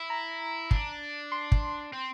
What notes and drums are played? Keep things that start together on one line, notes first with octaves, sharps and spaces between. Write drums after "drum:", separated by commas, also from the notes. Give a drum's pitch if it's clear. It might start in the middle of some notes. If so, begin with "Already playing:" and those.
Already playing: E4
A#5
D4, drum: kick
C6
drum: kick
C4